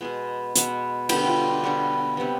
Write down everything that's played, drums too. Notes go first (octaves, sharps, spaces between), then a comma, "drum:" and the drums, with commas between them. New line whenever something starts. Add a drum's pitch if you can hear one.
B2 G#3 B3 G#4
B2 G#3 B3, drum: hi-hat
D3 G3 B3 G4, drum: cymbal
F4
D3 G3 B3
C3 G3 B3